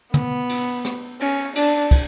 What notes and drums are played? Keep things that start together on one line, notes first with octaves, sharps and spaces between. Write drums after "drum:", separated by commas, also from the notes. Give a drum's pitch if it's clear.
B3, drum: tom
drum: cymbal
drum: rim click
C#4, drum: cymbal
D4, drum: cymbal
drum: kick, cymbal